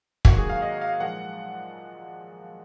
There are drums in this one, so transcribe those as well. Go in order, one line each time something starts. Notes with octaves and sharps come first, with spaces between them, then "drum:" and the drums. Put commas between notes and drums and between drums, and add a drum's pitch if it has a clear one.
G#2 D#3 F#3 A#3 F#4, drum: kick
G#4
F5
D#5
F5
A#2 F3 G#3 F#5